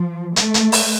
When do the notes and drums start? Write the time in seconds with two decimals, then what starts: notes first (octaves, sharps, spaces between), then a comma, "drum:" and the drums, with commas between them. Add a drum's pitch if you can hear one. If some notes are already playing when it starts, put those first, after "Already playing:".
Already playing: F3
0.36 A3, drum: hi-hat
0.54 drum: hi-hat
0.72 drum: open hi-hat